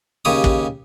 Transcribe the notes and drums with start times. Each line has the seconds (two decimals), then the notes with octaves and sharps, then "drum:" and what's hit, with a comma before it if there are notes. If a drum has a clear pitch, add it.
0.25 D#2 C#3 G4 C#5 D#6
0.44 drum: kick